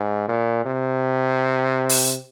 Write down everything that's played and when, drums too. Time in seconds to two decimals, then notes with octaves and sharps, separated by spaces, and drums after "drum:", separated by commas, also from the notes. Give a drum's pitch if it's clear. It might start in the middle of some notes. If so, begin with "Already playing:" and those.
Already playing: G#2
0.28 A#2
0.65 C3
1.89 drum: open hi-hat